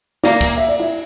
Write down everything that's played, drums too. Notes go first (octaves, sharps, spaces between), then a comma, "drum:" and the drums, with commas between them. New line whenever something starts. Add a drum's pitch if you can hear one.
A#3 D5, drum: snare
drum: kick, cymbal
E5
D5
E4